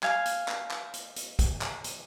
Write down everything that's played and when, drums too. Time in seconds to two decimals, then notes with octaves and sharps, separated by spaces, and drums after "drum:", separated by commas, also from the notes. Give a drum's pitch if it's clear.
0.03 F5 G#5, drum: clap
0.25 drum: hi-hat
0.48 drum: clap
0.71 drum: clap
0.93 drum: hi-hat
1.16 drum: hi-hat
1.39 drum: kick, hi-hat
1.61 drum: clap
1.84 drum: hi-hat